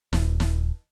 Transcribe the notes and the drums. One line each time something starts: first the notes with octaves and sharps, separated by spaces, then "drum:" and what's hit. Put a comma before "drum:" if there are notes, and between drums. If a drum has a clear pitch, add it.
D#1, drum: snare
drum: snare